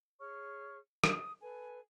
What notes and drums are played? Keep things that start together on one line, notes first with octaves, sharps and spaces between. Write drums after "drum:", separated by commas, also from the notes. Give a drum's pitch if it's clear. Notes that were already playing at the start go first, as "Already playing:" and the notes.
G#4 C#5 C#6 F6
D#6, drum: rim click
A4 B4 G#5